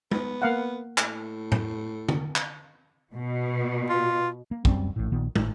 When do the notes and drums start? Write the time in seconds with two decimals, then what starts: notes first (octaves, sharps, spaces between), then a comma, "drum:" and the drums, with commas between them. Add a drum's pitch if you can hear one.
0.11 B3, drum: tom
0.42 A#3 F5 F#5
0.98 A2, drum: clap
1.52 drum: tom A2
2.09 drum: tom
2.36 drum: clap
3.13 B2
3.89 F4
4.51 A#3
4.65 D1 F#2 G3 C4, drum: kick
4.96 A1 A2
5.12 A#1 A#2 D#3 B3
5.35 G#1 A2, drum: tom